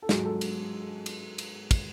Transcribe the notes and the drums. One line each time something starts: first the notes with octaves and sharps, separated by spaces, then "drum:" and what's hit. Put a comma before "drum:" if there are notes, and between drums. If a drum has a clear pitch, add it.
A4
G#2 F#3 G#4, drum: snare
A4
drum: cymbal
drum: cymbal
drum: cymbal
drum: kick, cymbal